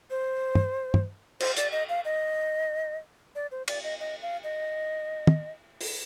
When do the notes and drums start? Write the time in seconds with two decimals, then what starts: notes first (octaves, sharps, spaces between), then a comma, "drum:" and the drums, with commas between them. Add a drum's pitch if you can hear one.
0.10 C5
0.55 drum: tom
0.94 drum: tom
1.40 C5, drum: cymbal
1.57 D5, drum: hi-hat
1.72 D#5
1.89 F5
2.05 D#5
3.35 D5
3.51 C5
3.68 D5, drum: cymbal
3.83 D#5
4.00 D#5
4.22 F5
4.44 D#5
5.27 drum: tom
5.81 drum: open hi-hat